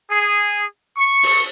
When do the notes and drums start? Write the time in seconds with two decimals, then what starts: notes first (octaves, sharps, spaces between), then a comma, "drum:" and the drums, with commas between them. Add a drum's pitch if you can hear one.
0.10 G#4
0.97 C#6
1.23 drum: open hi-hat